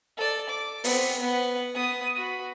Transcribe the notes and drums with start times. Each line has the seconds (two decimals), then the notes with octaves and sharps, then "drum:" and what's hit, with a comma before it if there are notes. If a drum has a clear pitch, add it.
0.17 A4 D5
0.50 D6
0.84 B3 C4, drum: open hi-hat
1.19 B3 F#5
1.74 B3 D#6
2.15 F#4 B5